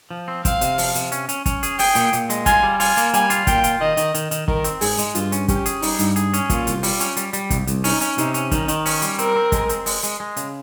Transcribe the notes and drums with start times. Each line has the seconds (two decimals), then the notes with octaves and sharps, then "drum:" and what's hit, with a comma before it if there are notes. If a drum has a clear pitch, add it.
0.11 F3
0.28 C4
0.45 C4 F5, drum: kick F#1, hi-hat
0.61 C3, drum: hi-hat
0.78 F3, drum: open hi-hat
0.95 C3, drum: hi-hat
1.12 C#4, drum: hi-hat
1.29 C#4, drum: hi-hat
1.46 C#4, drum: kick F#1, hi-hat
1.63 G#4, drum: hi-hat
1.79 G#4 G5, drum: open hi-hat
1.95 A#2, drum: hi-hat
2.13 A#2, drum: hi-hat
2.30 G#3, drum: hi-hat
2.46 F4 G#5, drum: kick F#1, hi-hat
2.63 G3
2.80 F4 G#5, drum: open hi-hat
2.97 A#3, drum: hi-hat
3.14 G3 G#5, drum: hi-hat
3.30 F4, drum: hi-hat
3.47 A#2 G5, drum: kick F#1, hi-hat
3.64 F4, drum: hi-hat
3.81 D#3 D#5
3.97 D#3, drum: hi-hat
4.15 D#3, drum: hi-hat
4.31 D#3, drum: hi-hat
4.48 D#3 A#4, drum: kick F#1
4.64 C4, drum: hi-hat
4.81 G#2 G#4, drum: open hi-hat
4.98 G#3, drum: hi-hat
5.15 G2 F4, drum: hi-hat
5.32 C#4, drum: hi-hat
5.48 C#4 G4, drum: kick F#1, hi-hat
5.66 G#4, drum: hi-hat
5.82 G3 D#4, drum: open hi-hat
5.99 G2, drum: hi-hat
6.16 G#4, drum: hi-hat
6.34 C#4, drum: hi-hat
6.50 A#2 F4, drum: kick F#1, hi-hat
6.67 C2, drum: hi-hat
6.83 G3, drum: open hi-hat
7.00 C#4, drum: hi-hat
7.17 G3, drum: hi-hat
7.33 G3, drum: hi-hat
7.50 C2, drum: kick F#1, hi-hat
7.67 C2, drum: hi-hat
7.84 C#4 D#4, drum: open hi-hat
8.01 C#4, drum: hi-hat
8.18 C3 D#4, drum: hi-hat
8.34 C#4, drum: hi-hat
8.52 D#3 D#4, drum: kick F#1, hi-hat
8.68 D#3, drum: hi-hat
8.86 C#4, drum: open hi-hat
9.02 G3, drum: hi-hat
9.19 C4 A#4, drum: hi-hat
9.36 C4
9.52 G#3, drum: kick F#1, hi-hat
9.69 C4, drum: hi-hat
9.86 G#3, drum: open hi-hat
10.03 G#3, drum: hi-hat
10.20 G#3
10.37 C#3, drum: hi-hat